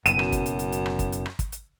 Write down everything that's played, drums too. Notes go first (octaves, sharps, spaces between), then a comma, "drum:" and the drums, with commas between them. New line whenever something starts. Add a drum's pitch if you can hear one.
F#1 F#2 B2 D#7 E7, drum: hi-hat
drum: rim click
drum: kick, hi-hat
drum: hi-hat
drum: hi-hat
drum: hi-hat
drum: rim click
drum: kick, hi-hat
drum: hi-hat
drum: rim click
drum: kick, hi-hat
drum: hi-hat